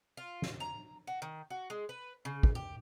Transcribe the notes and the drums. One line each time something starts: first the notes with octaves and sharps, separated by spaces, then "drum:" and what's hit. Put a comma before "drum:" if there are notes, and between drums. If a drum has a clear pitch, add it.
F4
drum: snare
A#5
F#4
D#3
F#4
G#3
B4
C#3
drum: kick
G4